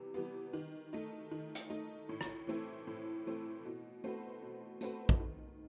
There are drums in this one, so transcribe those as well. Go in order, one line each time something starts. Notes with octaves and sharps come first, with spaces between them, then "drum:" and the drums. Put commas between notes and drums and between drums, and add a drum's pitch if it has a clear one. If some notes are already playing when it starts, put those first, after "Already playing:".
Already playing: C3 E3 G3 B3
E3 G3 B3
D#3
A3 D#4
D#3
drum: hi-hat
A3 D#4
A2
drum: rim click
E3 A3 C4 E4
A2
E3 A3 C4 E4
B2
A3 C4 F#4 B4
B2
A3 C4 F#4 B4, drum: tambourine
drum: kick
D#3